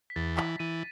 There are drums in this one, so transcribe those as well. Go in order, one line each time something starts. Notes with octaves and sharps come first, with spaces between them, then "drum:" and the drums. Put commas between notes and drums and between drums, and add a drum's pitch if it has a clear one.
B6
E2 A6
E3 B6, drum: clap
E3 D#7